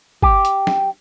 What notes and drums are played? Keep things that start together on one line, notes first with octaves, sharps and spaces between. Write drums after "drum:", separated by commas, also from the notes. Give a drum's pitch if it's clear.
G4, drum: kick
drum: hi-hat
drum: snare